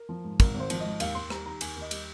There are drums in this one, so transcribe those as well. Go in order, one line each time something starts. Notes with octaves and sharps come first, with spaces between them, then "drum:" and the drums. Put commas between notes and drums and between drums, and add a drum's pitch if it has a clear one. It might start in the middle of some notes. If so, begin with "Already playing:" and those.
Already playing: A#4
F3
G#2
G#1 A#4, drum: kick, cymbal
G#1
C5
F3, drum: cymbal
G#2 D#5
D#2 F5, drum: cymbal
D#2 C6
G3 A#5, drum: rim click
D#3 A#5
D#2 G#5, drum: cymbal
D#2
D#5
G3, drum: cymbal